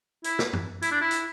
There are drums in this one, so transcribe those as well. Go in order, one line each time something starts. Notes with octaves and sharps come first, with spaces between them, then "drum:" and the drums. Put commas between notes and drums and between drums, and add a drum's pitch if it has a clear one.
E4, drum: hi-hat
drum: snare
drum: tom F#2
E4, drum: hi-hat
D4
E4
drum: hi-hat